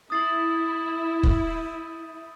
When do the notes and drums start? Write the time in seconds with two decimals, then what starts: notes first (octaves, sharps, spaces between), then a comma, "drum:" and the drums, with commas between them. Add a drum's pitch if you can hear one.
0.10 E4 D#6 A6 C7 F#7
1.23 drum: kick
1.46 G6 C7 D#7